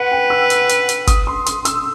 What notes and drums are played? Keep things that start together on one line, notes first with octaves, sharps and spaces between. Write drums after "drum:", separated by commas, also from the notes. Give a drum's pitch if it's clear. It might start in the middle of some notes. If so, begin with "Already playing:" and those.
Already playing: B4 F#5
G5
E6
drum: hi-hat
drum: hi-hat
drum: hi-hat
D#6, drum: kick, hi-hat
C6
D#6, drum: hi-hat
E6, drum: hi-hat